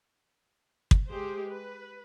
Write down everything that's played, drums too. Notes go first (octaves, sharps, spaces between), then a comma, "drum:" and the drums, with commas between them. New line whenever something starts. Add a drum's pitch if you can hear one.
drum: kick
G#3 G4 C5
B4